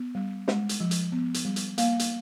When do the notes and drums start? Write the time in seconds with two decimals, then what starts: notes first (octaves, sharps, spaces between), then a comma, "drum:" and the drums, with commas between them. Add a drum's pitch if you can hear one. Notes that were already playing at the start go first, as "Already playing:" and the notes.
Already playing: B3
0.15 G3
0.48 G#3, drum: snare
0.69 drum: hi-hat
0.80 F3
0.91 drum: hi-hat
1.12 B3
1.34 drum: hi-hat
1.45 G3
1.56 drum: hi-hat
1.78 A#3 F5, drum: hi-hat
1.99 drum: hi-hat